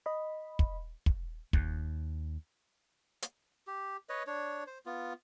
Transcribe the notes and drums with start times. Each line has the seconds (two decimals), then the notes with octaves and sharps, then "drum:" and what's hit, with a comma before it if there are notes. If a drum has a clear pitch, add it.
0.06 D#5 B5
0.59 drum: kick
1.06 drum: kick
1.53 D#2, drum: kick
3.22 drum: hi-hat
3.67 G4
4.09 B4 C#5 D#5
4.27 D4 C#5
4.67 C5
4.86 B3 F4